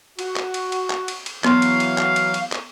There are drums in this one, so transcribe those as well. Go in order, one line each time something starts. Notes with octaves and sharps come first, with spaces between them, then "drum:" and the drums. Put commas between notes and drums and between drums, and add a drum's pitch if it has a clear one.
F#4, drum: cymbal
drum: clap
drum: cymbal
drum: cymbal
drum: clap
drum: cymbal
drum: cymbal
E3 F#3 B3 F#4 F5 C6, drum: clap
drum: cymbal
drum: cymbal
drum: clap
drum: cymbal
drum: cymbal
drum: clap